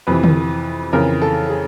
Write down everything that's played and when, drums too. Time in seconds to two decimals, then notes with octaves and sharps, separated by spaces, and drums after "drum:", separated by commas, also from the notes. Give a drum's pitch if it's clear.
0.07 F2 C3 E3 B4
0.23 drum: tom D3
0.93 F2 C#3 E3 A#4
1.22 A4
1.49 G#4